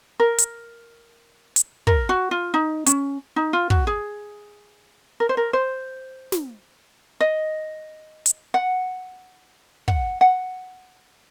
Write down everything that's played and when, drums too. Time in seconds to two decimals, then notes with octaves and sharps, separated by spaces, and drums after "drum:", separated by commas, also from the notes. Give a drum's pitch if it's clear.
0.20 A#4
0.38 drum: hi-hat
1.56 drum: hi-hat
1.87 A#4, drum: kick
2.09 F#4
2.31 F4
2.54 D#4
2.86 C#4, drum: hi-hat
3.36 D#4
3.53 F4
3.70 F#4, drum: kick
3.87 G#4
5.20 A#4
5.29 C5
5.37 A#4
5.53 C5
6.32 drum: snare
7.20 D#5
8.26 drum: hi-hat
8.54 F#5
9.88 F#5, drum: kick
10.21 F#5